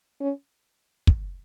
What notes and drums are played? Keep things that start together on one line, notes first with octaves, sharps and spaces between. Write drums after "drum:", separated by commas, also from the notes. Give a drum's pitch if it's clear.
C#4
drum: kick